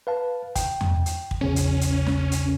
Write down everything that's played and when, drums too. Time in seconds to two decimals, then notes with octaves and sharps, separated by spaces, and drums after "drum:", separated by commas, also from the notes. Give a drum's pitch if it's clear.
0.07 B4 F5 A5
0.56 G5, drum: kick, hi-hat
0.81 drum: tom E2
1.06 drum: hi-hat
1.31 drum: kick
1.41 A#1 E2 C#3 C#4
1.56 drum: hi-hat
1.81 drum: hi-hat
2.06 drum: snare
2.32 drum: hi-hat